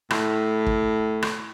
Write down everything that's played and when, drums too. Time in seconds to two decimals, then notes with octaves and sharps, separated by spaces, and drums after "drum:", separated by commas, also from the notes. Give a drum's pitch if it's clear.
0.10 A2, drum: rim click
0.66 drum: kick
1.22 drum: rim click